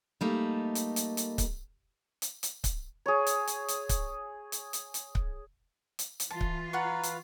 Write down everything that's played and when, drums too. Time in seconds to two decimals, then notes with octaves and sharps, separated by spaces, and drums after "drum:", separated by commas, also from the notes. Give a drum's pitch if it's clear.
0.21 G3 A3 A#3 D#4 A4
0.75 drum: hi-hat
0.96 drum: hi-hat
1.17 drum: hi-hat
1.38 drum: kick C#1, hi-hat
2.22 drum: hi-hat
2.43 drum: hi-hat
2.64 drum: kick C#1, hi-hat
3.06 G#4 C#5
3.27 drum: hi-hat
3.47 drum: hi-hat
3.68 drum: hi-hat
3.89 drum: kick C#1, hi-hat
4.52 drum: hi-hat
4.73 drum: hi-hat
4.94 drum: hi-hat
5.15 drum: kick C#1
5.99 drum: hi-hat
6.20 drum: hi-hat
6.31 E3 F4 A5
6.41 drum: kick C#1
6.73 B4 F5 F#5 A#5 C#6
7.03 drum: hi-hat